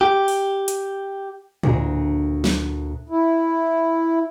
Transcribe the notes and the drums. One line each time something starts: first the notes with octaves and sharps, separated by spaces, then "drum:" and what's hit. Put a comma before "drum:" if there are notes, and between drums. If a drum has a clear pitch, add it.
G4
drum: open hi-hat
drum: hi-hat
D2 A#2 A#5, drum: tom A2
drum: snare
E4